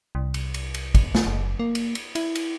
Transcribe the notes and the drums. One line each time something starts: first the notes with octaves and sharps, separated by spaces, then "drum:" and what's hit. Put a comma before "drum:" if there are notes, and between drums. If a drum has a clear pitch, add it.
C2
drum: cymbal
drum: cymbal
drum: cymbal
drum: kick, cymbal
drum: snare
F#1
A#3
drum: cymbal
drum: cymbal
E4, drum: cymbal
drum: cymbal